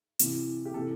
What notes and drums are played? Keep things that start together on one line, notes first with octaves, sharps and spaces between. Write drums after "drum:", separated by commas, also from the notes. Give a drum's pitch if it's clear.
C3 E3, drum: hi-hat
G4
C3 E3 A4